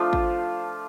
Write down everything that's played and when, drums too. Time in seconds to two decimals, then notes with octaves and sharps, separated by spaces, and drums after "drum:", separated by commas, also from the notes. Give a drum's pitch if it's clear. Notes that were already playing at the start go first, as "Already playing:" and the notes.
Already playing: F3 A3 D4 F4
0.13 C5, drum: kick